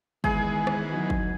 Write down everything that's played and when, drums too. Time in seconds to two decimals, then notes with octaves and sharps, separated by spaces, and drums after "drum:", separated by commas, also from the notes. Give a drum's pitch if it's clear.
0.24 D#3 E3 G#3 B3 G#4, drum: kick
0.67 drum: rim click
0.92 F#3 D#4 F#4
1.10 drum: kick